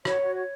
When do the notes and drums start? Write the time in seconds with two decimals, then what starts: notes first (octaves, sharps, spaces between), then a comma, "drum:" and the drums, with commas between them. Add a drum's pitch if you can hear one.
0.05 F#4 C#5, drum: rim click
0.21 F#4
0.35 C#5